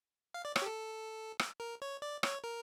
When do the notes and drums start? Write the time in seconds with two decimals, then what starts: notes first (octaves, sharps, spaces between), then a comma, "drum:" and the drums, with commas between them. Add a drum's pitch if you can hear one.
0.34 F5
0.45 D5
0.56 C#5, drum: rim click
0.62 G4
0.66 A4
1.39 drum: rim click
1.60 A#4
1.82 C#5
2.02 D5
2.23 C#5, drum: rim click
2.44 A#4